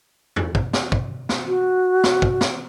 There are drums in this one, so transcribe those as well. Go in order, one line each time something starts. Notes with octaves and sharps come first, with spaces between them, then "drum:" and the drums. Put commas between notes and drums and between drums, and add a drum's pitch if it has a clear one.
drum: tom E2
drum: kick
drum: snare
drum: kick
drum: snare
F#4
drum: snare
drum: kick
drum: snare